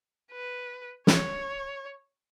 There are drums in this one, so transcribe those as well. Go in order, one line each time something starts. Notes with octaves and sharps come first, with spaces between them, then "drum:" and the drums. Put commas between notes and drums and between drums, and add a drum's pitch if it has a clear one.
B4
C#5, drum: snare